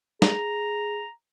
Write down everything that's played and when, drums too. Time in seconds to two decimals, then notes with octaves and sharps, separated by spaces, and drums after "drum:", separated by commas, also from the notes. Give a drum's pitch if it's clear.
0.22 G#4 A#5, drum: snare